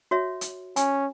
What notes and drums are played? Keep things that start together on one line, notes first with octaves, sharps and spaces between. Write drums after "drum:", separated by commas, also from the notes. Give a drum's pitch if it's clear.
F#4 C#5 E5
drum: hi-hat
C#4 G#5, drum: hi-hat